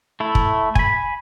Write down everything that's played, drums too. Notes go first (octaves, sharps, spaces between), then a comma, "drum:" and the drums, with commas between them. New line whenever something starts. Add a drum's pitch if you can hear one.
A3 E4
drum: kick
G#5 B5, drum: kick